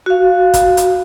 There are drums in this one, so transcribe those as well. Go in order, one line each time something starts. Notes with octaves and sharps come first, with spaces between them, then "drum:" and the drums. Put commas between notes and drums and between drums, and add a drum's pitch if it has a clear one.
F#4 F5
drum: kick, hi-hat
drum: hi-hat